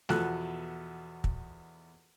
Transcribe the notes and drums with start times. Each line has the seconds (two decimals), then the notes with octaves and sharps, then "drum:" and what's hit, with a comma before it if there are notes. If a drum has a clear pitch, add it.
0.09 E2 B2 F3 A4 F#6, drum: snare
1.24 drum: kick